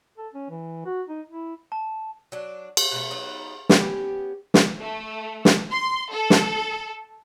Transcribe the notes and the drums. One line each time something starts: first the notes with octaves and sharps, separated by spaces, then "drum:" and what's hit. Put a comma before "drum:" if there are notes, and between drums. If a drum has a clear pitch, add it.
A4
C#4
E3
F#4
D#4
E4
A5
F#3 D4
drum: cymbal
B2 A3
F#3 B3 D#4
B3 C#4 G4, drum: snare
drum: snare
A3
drum: snare
C6
A4
drum: snare